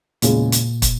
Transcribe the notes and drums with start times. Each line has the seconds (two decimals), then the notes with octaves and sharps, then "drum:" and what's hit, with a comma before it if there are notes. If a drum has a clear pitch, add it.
0.22 E2 A#2 C#3 G#3, drum: hi-hat
0.52 drum: hi-hat
0.82 drum: kick, hi-hat